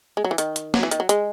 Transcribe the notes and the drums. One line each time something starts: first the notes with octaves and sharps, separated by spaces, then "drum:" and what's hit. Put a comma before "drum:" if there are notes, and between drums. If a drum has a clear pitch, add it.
G#3
F#3
E3
D#3, drum: hi-hat
drum: hi-hat
F#3, drum: snare
E3
D#3, drum: hi-hat
F#3
G#3, drum: hi-hat